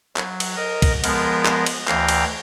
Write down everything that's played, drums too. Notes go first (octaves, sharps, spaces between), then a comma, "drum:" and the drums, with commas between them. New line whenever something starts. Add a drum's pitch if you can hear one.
F#3, drum: clap
drum: cymbal
A#4 D#5
drum: kick, cymbal
F3 G#3 B3 A#4, drum: cymbal
drum: clap
drum: cymbal
D2 E3 F5 G5 A#5, drum: clap
drum: cymbal